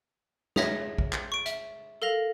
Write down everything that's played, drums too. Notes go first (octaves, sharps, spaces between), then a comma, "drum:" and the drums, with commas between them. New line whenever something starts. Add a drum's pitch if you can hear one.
G#4 C#5 E5 A#6, drum: snare
drum: kick A#1
drum: clap
C#6 D7
E5, drum: hi-hat
A4 A#4 F5 A#6 F7